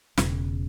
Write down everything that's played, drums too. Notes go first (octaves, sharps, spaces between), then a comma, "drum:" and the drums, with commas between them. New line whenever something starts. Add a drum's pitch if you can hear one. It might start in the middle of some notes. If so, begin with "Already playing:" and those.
E1 E2 C#3, drum: snare